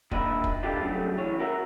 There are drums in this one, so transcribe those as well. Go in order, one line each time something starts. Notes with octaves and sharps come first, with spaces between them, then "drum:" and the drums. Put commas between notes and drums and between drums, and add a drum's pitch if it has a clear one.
D#2 A#2 D4 D#5 E5 B5, drum: kick
drum: kick
D4 F4 G4 A4 D5
G2 C#3 F#3 G3 A3 B3
E3 C#5
F#4 A#4 E5